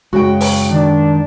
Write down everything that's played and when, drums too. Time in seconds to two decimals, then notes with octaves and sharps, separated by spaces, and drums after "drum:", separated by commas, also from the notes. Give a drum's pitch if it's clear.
0.13 F#2 C#3 G#3 F#4 G5
0.41 drum: open hi-hat
0.71 D#3 D4